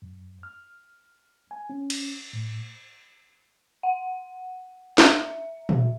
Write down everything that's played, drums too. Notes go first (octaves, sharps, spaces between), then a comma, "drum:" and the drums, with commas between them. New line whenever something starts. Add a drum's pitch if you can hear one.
F#2
F6
G#5
C#4
drum: cymbal
A2
F#5
E5, drum: snare
drum: tom A#2